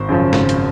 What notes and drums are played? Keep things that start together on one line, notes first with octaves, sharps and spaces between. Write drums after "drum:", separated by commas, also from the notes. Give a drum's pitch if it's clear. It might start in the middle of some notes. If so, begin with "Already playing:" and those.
Already playing: G#1 C5
F#2 C#3 F3
G#1, drum: snare
drum: hi-hat